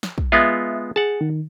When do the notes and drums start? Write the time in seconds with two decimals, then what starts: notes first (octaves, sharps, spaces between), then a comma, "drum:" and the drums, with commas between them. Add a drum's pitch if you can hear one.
0.03 drum: snare
0.18 drum: kick
0.32 G#3 B3 F4 E5
0.96 G#4 F#5 A5
1.21 D#3